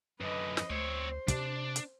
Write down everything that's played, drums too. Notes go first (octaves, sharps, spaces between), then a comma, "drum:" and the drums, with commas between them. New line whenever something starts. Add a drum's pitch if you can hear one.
F#2 D3 B4 D#5
drum: snare
D2 C4 C5 C#5
C3 D4, drum: kick, hi-hat
drum: hi-hat